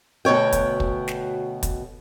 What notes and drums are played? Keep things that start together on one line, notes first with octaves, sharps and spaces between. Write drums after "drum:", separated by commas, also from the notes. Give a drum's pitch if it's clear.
D2 B2 B3 C#5 G5
drum: kick, hi-hat
drum: kick
drum: snare
drum: kick, hi-hat